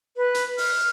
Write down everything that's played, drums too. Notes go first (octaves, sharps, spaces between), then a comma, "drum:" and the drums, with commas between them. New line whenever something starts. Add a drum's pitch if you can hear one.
B4
drum: hi-hat
F6, drum: open hi-hat